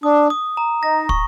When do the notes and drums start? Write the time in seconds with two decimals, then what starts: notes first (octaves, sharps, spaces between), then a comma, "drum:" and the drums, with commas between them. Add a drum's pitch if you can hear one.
0.03 D4 D#6
0.30 D#6
0.57 A#5
0.83 D#4 A#6
1.09 C#6, drum: kick